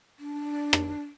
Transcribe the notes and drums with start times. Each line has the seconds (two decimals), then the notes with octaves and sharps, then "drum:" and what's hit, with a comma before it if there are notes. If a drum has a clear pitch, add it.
0.19 D4
0.73 drum: rim click